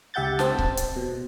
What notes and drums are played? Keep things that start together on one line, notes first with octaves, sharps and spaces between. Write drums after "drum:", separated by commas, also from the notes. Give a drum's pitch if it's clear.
C#2 G4 E5 F#5 G6 A6
C4 A5, drum: snare
drum: kick C#1
drum: hi-hat
B2